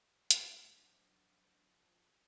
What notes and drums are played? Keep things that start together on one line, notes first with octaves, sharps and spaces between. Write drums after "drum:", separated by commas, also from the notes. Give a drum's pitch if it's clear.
A3 B3 A4, drum: hi-hat
F3 F#3 D4